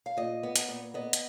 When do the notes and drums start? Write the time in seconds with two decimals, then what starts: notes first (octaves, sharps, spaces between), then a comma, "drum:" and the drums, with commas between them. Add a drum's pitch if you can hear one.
0.06 F5
0.17 A#2 D#5
0.43 B3
0.56 drum: hi-hat
0.68 A#2
0.94 B3 D#5
1.13 drum: hi-hat